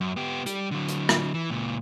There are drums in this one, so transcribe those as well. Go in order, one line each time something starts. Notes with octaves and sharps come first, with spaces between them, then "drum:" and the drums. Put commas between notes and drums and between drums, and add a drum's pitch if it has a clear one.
F#2
B3 G4
G3 G4, drum: hi-hat
D3 F#3
drum: hi-hat
drum: rim click
E3
C#2 A#2